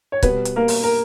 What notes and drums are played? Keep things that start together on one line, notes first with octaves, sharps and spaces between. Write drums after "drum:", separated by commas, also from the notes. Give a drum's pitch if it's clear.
C#5
B2 G3 B3 B4, drum: kick C#1, hi-hat
drum: hi-hat
A#3 A#4
drum: open hi-hat
A#4